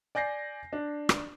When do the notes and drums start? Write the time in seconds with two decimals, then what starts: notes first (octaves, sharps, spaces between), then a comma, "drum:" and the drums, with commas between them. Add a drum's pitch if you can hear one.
0.15 D5 G#5 G6 A#6 C7
0.73 D4
1.09 drum: rim click